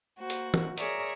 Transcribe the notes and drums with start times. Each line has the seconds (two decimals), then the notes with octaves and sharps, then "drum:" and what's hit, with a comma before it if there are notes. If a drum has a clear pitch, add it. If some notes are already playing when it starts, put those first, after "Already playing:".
0.19 A#3 F#4 C5
0.30 drum: hi-hat
0.54 drum: tom E3
0.78 G#4 A#4 C#5 D5 E5 A#5, drum: hi-hat